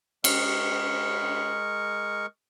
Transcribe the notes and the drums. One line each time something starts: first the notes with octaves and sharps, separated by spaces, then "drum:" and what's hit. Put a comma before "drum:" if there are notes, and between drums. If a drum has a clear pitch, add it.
G#3 A#4 C#6, drum: cymbal